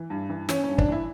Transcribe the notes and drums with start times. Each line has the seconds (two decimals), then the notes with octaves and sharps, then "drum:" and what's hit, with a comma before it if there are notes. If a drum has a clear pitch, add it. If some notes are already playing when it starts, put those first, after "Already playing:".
Already playing: E3
0.10 G2
0.30 E3
0.49 E3 C#4, drum: snare
0.64 G2 C#4
0.78 D4, drum: kick
0.88 E3 E4